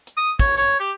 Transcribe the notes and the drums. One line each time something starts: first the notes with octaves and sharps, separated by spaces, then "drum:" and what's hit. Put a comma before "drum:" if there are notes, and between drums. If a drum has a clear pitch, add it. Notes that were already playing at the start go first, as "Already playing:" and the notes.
drum: hi-hat
D#6
C#5, drum: kick, hi-hat
C#5, drum: hi-hat
G4